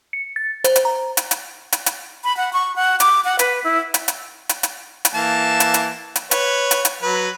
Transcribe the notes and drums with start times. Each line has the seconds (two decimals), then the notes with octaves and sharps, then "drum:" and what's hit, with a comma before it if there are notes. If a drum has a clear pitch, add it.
0.13 C#7
0.36 A6
0.64 C5, drum: hi-hat
0.76 drum: hi-hat
0.85 A#5
1.17 drum: hi-hat
1.31 drum: hi-hat
1.72 drum: hi-hat
1.86 drum: hi-hat
2.24 B5
2.37 F#5
2.53 C#6
2.76 F#5
3.00 D6, drum: hi-hat
3.25 F#5
3.39 B4, drum: hi-hat
3.64 E4
3.94 drum: hi-hat
4.08 drum: hi-hat
4.49 drum: hi-hat
4.63 drum: hi-hat
5.05 drum: hi-hat
5.15 E3 A#3 A5
5.60 drum: hi-hat
5.74 drum: hi-hat
6.16 drum: hi-hat
6.31 B4 C#5, drum: hi-hat
6.71 drum: hi-hat
6.85 drum: hi-hat
7.02 F#3 B4